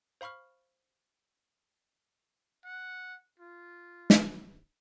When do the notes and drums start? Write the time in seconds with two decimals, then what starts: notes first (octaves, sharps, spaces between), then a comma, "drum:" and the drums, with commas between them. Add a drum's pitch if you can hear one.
0.21 C5 F5 B5 C#6 F6
2.65 F#5
3.39 F4
4.10 drum: snare